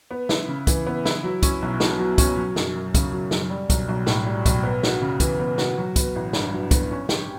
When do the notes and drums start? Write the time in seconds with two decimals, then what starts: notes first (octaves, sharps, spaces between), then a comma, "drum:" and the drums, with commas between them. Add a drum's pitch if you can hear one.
0.11 B3
0.29 E4, drum: snare
0.48 C#3
0.67 E3, drum: kick, hi-hat
0.87 B3
1.05 E4, drum: snare
1.24 F#3
1.43 C#4, drum: kick, hi-hat
1.62 B1
1.80 B2, drum: snare
1.99 F#3
2.18 C#4, drum: kick, hi-hat
2.37 F#3
2.56 F#2, drum: snare
2.75 F#2
2.94 C#3, drum: kick, hi-hat
3.12 F#3
3.31 F#2, drum: snare
3.50 G3
3.70 B1, drum: kick, hi-hat
3.89 B1
4.07 A2, drum: snare
4.26 G3
4.46 B1, drum: kick, hi-hat
4.63 B3
4.83 F#4, drum: snare
5.02 C#3
5.20 E3, drum: kick, hi-hat
5.40 B3
5.58 F#4, drum: snare
5.78 F#3
5.96 B3, drum: kick, hi-hat
6.16 A1
6.33 G2, drum: snare
6.53 F#3
6.71 B3, drum: kick, hi-hat
6.91 C#4
7.09 G4, drum: snare